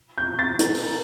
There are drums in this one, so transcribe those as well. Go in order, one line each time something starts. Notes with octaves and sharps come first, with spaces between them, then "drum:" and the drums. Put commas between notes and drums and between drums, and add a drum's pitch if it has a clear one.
G6
A6
drum: hi-hat
drum: open hi-hat